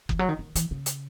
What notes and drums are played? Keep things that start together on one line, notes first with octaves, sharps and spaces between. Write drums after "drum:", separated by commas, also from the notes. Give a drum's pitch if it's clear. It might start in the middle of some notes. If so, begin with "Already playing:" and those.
E3, drum: kick F#1
F#3
D#3
D#3
E3, drum: hi-hat
C#3
drum: hi-hat